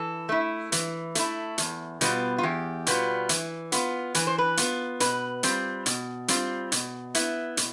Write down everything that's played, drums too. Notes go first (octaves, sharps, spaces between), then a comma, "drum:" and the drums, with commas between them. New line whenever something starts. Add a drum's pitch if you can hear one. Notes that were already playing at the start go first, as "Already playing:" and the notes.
Already playing: E3 A4
A3 E4
E3, drum: hi-hat
A3 E4, drum: hi-hat
E2, drum: hi-hat
B2 G3 B3 F4, drum: hi-hat
F4
E2 G4
B2 G3 B3 F4, drum: hi-hat
E3, drum: hi-hat
B3 F4, drum: hi-hat
E3 B4, drum: hi-hat
C5
B4
B3 F4, drum: hi-hat
B2 B4, drum: hi-hat
G3 C4 F4, drum: hi-hat
B2, drum: hi-hat
G3 C4 F4, drum: hi-hat
B2, drum: hi-hat
B3 E4, drum: hi-hat
B2, drum: hi-hat